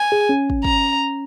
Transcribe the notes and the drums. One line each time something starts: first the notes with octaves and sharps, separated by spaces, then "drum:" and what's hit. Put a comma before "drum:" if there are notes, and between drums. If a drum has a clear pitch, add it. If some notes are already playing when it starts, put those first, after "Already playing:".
Already playing: G#5
G#4
C#4
drum: kick
A#5, drum: kick